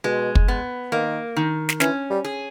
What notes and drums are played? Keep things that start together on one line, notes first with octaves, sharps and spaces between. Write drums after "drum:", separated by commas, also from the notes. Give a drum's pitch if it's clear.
B2 G#3
drum: kick
B3
D#3 A#3
D#3
drum: snare
E3 C#4, drum: snare
G3
G#4